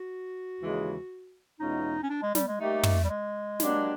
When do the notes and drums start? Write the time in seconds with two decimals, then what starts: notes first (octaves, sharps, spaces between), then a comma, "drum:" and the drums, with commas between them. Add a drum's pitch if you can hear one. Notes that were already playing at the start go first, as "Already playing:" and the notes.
Already playing: F#4
0.61 D#2 C#3 E3 G#3
1.60 E2 B2 G#3 C#4 D#4 F4
2.03 C#4
2.10 D4
2.22 G#3
2.35 G3, drum: snare
2.48 G#3
2.60 G3 A3 A#3 D#4 G4
2.83 drum: tom
3.04 G3
3.09 G#3
3.60 F#3 A#3 D4 G4, drum: snare